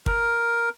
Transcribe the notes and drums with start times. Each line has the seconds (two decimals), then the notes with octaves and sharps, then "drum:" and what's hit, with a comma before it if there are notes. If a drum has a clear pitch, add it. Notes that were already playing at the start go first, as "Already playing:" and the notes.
0.06 A#4, drum: kick